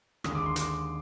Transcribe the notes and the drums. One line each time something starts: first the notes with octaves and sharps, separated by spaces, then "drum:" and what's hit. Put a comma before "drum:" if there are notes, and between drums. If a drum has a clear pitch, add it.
D#2 D3 G#3 D#6, drum: rim click
D6
C6
D6, drum: hi-hat